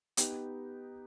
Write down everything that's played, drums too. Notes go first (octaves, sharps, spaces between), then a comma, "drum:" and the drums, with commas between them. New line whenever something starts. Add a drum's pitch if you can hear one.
B3 D#4 G4, drum: hi-hat